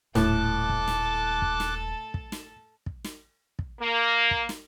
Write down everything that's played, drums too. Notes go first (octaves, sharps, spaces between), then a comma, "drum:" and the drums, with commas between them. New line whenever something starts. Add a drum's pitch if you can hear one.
D#1 A2 A4 A5 D6 F#6, drum: snare
drum: kick
drum: snare
drum: kick
drum: snare
drum: kick
drum: snare
drum: kick
drum: snare
drum: kick
A#3
drum: kick
drum: snare